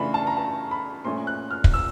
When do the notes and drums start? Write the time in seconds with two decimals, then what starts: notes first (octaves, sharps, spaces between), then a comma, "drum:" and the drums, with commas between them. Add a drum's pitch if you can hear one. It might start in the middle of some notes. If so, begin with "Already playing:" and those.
Already playing: C#3 E3 A3 D4 F4 B5
0.14 A5
0.27 A#5
0.37 A5
0.71 B5
1.05 A#2 F3 A3 C#4 C6
1.27 F#6
1.51 F6
1.64 drum: kick
1.74 E6